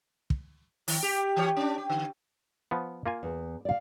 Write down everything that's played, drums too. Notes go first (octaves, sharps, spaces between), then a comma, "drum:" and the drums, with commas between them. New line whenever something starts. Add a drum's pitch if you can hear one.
drum: kick
D#3, drum: open hi-hat
G4
E3 G4 C#5
C#4 D4
G4
D3
F3 B3
A#3 F4 G#5
E2
D5 F5